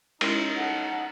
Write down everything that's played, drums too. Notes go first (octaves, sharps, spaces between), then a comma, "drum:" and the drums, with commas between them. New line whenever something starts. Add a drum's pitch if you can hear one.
G#3 C#4 D#4 E4, drum: cymbal
A4 F#5